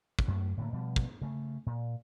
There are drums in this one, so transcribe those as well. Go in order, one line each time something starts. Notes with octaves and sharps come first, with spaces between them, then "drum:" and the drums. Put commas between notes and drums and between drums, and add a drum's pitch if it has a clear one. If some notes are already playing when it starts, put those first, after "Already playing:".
drum: kick
F#2 A3
A2 D3 A#3
B2 F3 G3
drum: kick
C#3 A3
A#2